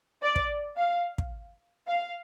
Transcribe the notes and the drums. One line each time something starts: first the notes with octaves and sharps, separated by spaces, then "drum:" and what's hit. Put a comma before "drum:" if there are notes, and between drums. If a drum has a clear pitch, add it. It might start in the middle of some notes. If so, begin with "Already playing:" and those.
D5
drum: kick
F5
drum: kick
F5